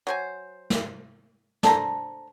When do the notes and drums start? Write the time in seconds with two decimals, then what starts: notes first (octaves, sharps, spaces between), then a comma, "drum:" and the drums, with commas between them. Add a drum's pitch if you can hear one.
0.07 F#3 C5 G#5
0.70 drum: snare
1.63 D4 A4 C5 A#5, drum: snare